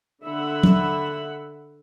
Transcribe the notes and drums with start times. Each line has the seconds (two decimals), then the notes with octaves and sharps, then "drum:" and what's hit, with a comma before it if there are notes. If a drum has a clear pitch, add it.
0.25 D3 E5 F#5 B5
0.63 drum: tom F#3